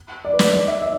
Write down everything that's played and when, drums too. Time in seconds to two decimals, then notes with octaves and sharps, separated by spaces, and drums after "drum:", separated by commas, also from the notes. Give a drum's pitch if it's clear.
0.25 D5
0.33 B4
0.39 D5, drum: snare
0.53 D5
0.68 E5
0.82 E5